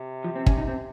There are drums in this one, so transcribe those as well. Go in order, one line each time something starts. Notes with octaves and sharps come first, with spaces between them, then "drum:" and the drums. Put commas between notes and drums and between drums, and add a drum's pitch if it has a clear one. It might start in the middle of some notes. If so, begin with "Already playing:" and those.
Already playing: C3
F3
C4
C#4, drum: kick
D#4
C4